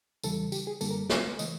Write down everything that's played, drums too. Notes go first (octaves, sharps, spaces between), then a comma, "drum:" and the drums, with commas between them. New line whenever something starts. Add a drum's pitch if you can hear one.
E2 C#3 E3 G3 A4, drum: tambourine
G4, drum: tambourine
G#4
F#2 D3 G3 A#3 A4, drum: tambourine
A#4
C#5, drum: snare
C#3 E3 A3 D#5, drum: tambourine